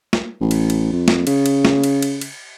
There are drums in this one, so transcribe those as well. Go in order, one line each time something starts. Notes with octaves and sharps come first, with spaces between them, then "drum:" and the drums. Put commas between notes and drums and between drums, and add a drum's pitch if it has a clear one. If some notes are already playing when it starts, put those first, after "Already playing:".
drum: snare
A1
drum: cymbal
drum: cymbal
F2
drum: snare
C#3, drum: cymbal
drum: cymbal
drum: snare
drum: cymbal
drum: cymbal
drum: cymbal